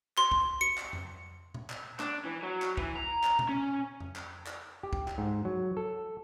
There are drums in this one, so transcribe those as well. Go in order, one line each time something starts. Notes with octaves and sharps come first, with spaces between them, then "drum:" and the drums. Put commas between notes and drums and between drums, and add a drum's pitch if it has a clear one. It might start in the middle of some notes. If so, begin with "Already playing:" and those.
C6, drum: clap
drum: kick
C#7
drum: clap
drum: tom F2
drum: tom A#2
drum: clap
D4, drum: clap
E3
F#3
drum: clap
E3, drum: kick
A#5
drum: clap
drum: tom A#2
C#4
drum: tom F2
drum: clap
drum: clap
G4
drum: kick
drum: clap
G#2
F#3
A4